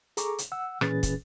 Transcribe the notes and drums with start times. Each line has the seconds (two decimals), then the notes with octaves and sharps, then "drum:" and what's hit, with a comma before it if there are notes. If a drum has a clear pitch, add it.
0.17 G#4 A4 A#5 C#6 D6, drum: hi-hat
0.38 drum: hi-hat
0.52 F#5 E6
0.81 A#2 E3 C#4 G#4 B4 A6, drum: rim click
1.03 drum: kick, hi-hat